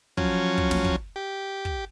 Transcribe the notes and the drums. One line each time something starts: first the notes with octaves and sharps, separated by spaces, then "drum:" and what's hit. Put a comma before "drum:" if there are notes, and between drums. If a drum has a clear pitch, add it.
F3 F#3 C#4, drum: kick
drum: kick
drum: snare
drum: kick
G4
drum: kick